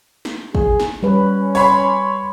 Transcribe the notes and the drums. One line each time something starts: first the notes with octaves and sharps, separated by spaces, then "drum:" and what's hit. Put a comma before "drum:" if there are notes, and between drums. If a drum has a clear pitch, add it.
drum: snare
G#4, drum: kick
drum: snare
G3 C#4 B4
C#5 B5 C6, drum: open hi-hat